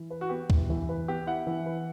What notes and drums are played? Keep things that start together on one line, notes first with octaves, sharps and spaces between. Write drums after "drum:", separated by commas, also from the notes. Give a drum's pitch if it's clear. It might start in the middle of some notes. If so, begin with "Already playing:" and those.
Already playing: E3
B4
F#4
B3 G4
E4, drum: kick D2
E3
B4
B3 G4
E4 F#5
E3
B4